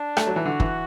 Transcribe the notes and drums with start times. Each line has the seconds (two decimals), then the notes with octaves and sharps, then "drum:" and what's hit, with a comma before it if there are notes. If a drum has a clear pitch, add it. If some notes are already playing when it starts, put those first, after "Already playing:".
Already playing: D4
0.17 A3, drum: rim click
0.27 F#3
0.36 E3
0.45 D3 F#4
0.60 E3, drum: kick